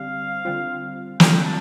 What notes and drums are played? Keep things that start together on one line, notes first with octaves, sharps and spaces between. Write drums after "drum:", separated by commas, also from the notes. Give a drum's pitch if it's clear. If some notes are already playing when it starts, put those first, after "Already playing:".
Already playing: D3 G3 C4 F5
D3 G3 C4 F4
D3 G3 C4 F4 G5, drum: snare
A5